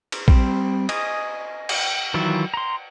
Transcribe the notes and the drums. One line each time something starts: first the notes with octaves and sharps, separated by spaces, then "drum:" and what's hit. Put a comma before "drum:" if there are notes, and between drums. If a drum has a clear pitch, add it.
drum: cymbal
G3 C4, drum: kick A#1
D#5 G#5 D#6, drum: cymbal
drum: cymbal
D#3 E3 F#3 F4 E5
A#5 C6